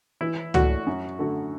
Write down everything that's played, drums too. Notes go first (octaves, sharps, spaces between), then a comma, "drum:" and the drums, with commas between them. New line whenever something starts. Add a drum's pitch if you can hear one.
E3 E4
A3 E4 F#4 D5, drum: tom
F#2
D3 A3 F#4 A4